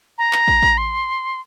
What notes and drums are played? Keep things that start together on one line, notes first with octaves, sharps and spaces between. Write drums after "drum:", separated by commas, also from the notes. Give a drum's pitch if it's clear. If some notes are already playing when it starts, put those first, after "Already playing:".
A#5
drum: clap
drum: kick
drum: kick
C6